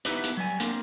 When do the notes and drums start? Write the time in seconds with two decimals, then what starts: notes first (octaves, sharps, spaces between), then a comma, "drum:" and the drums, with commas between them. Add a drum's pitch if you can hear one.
0.05 B3 D#4 E4 G4 B4, drum: hi-hat
0.24 drum: hi-hat
0.37 F#3 G3 G#5
0.60 A#3 C4 D4 A#4, drum: hi-hat